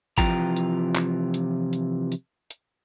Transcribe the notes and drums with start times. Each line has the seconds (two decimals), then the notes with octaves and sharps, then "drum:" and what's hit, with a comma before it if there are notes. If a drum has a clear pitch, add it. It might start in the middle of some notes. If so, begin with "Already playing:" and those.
0.18 C3 E3 F3 F4 G5 A#5, drum: kick G#1, hi-hat
0.56 drum: hi-hat
0.95 drum: clap
1.34 drum: hi-hat
1.73 drum: hi-hat
2.12 drum: hi-hat
2.51 drum: hi-hat